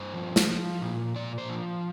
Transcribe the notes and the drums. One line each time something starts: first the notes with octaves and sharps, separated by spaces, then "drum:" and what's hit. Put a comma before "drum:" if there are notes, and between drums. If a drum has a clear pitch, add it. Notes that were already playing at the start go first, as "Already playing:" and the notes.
Already playing: G2 C5
F3
drum: snare
F3
A#2
A#2 D5
C5
F3